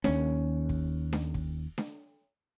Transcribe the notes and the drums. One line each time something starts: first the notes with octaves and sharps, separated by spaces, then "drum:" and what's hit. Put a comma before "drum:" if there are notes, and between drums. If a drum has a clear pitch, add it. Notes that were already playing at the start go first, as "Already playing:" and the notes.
D#2 C#4, drum: snare D4
drum: kick
drum: snare D4
drum: kick
drum: snare D4